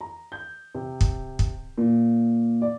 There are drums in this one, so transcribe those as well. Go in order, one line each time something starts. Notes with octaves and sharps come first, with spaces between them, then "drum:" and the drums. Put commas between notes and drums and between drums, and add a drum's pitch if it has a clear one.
A#5
G6
C3
drum: kick
drum: kick
A#2
D5